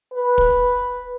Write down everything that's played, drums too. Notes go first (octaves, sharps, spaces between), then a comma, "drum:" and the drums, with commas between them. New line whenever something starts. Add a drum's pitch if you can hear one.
B4
drum: kick